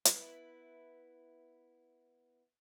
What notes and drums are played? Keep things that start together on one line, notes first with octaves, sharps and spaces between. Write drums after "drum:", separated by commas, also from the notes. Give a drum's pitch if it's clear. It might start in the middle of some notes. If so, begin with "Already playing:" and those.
B3 E4 B4, drum: hi-hat